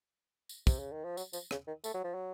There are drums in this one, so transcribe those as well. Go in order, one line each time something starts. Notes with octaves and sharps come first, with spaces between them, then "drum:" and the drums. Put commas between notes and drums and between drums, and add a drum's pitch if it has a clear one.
drum: tambourine
C3, drum: kick, tambourine
C#3
D#3
F3
F#3, drum: tambourine
F3, drum: tambourine
C#3, drum: rim click
D#3
A3, drum: tambourine
F#3
F3
F#3